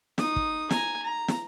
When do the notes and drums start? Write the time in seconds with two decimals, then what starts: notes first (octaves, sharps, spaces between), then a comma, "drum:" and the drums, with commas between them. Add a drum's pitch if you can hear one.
0.18 D#4 D#6, drum: snare
0.36 drum: kick
0.71 G#5 A#5, drum: snare
1.02 A#5
1.28 drum: snare